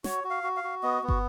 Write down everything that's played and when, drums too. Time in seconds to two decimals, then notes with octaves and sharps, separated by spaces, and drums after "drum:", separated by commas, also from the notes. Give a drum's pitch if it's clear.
0.04 F#4 C#5, drum: snare
0.24 F#4
0.30 F5
0.43 F#4
0.56 F5
0.64 F#4
0.83 B3 D#5
1.03 B3
1.09 F#4, drum: kick